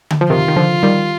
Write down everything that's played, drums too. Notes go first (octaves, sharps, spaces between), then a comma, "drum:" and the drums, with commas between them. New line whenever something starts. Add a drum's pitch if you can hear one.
drum: tom D3
F3
C3 D#3 F4
D#3
D3 F3
D#3 G3